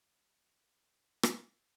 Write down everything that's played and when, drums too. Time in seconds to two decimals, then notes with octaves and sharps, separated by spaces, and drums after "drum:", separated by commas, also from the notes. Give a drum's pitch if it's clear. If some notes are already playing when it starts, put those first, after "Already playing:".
0.24 A#4 D#5 G#5 F6
0.65 E5
1.23 drum: rim click